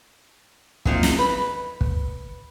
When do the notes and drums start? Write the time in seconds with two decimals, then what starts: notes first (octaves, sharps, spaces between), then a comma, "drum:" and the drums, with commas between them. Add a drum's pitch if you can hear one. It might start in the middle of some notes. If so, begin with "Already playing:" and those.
0.85 F#3 A#3 C4 D#4 F4, drum: kick
1.03 drum: snare
1.19 B4
1.81 drum: kick